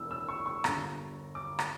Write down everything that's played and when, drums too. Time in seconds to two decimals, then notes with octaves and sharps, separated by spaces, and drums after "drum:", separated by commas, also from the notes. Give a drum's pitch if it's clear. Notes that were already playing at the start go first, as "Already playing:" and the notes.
Already playing: E1 E2 E3 A#3 E6
0.11 E6
0.29 C#6
0.46 C#6
0.64 G1 G2 D3 A#5, drum: rim click
1.35 D6
1.59 drum: rim click